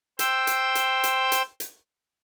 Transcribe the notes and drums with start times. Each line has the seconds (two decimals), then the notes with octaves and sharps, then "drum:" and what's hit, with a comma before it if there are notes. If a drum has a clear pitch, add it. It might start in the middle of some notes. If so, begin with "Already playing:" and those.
0.19 C5 G5 E6, drum: hi-hat
0.47 drum: hi-hat
0.75 drum: hi-hat
1.04 drum: hi-hat
1.32 drum: hi-hat
1.60 drum: hi-hat